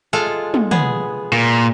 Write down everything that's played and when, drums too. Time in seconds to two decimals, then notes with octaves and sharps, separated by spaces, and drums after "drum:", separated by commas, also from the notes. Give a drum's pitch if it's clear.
0.13 G#3 F4 A4
0.54 drum: tom
0.71 B3 G#4, drum: tom
1.33 A#2